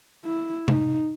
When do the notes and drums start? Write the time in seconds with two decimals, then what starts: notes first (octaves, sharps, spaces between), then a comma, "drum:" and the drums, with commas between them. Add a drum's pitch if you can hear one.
0.26 E4
0.68 D#4, drum: tom C3